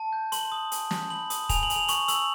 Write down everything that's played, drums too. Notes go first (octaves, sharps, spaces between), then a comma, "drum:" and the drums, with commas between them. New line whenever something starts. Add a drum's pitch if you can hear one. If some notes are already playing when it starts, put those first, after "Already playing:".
Already playing: A5
G6
C6 F#7, drum: hi-hat
D#6
G#5, drum: hi-hat
G6, drum: snare
B5 F#7
D#6, drum: hi-hat
G#5 F7, drum: kick, hi-hat
F#7
G#5, drum: hi-hat
F7
C#6 F#7, drum: hi-hat
E6 F#7, drum: hi-hat